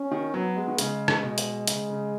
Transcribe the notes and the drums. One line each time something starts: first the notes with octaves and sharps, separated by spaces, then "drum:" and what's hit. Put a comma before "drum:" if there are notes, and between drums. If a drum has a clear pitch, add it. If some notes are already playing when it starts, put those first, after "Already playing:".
Already playing: C#4
D#3
F#3 B3
G#3
D#3
C#3 G#3, drum: hi-hat
drum: rim click
B2
drum: hi-hat
C#3, drum: hi-hat
C#3